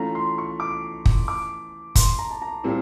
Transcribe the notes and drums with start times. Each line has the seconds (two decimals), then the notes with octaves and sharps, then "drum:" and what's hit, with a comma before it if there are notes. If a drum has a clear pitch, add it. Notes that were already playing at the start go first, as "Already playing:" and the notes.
Already playing: E3 A3 C#4 F4 A#5
0.15 C6
0.38 C#6
0.60 D6
1.06 drum: kick
1.28 D6
1.95 C6, drum: kick, hi-hat
2.19 A#5
2.31 A5
2.42 A#5
2.64 A#2 G3 C4 E4